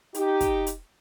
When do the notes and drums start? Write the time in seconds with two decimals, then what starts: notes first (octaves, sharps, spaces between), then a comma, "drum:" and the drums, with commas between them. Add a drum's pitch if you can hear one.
0.14 D#4 G4, drum: hi-hat
0.40 drum: kick, hi-hat
0.67 drum: hi-hat